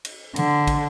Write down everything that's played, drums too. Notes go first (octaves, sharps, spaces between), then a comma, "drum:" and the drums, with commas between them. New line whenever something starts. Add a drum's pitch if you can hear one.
drum: cymbal
D3, drum: cymbal
drum: kick, cymbal